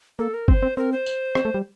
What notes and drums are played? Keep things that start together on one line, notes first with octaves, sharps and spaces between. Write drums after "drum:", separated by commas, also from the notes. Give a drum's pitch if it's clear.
A#3 A4
A#4
C4 C5, drum: kick
C4
C4 A#4
C5
drum: tambourine
C4, drum: rim click
A3
G3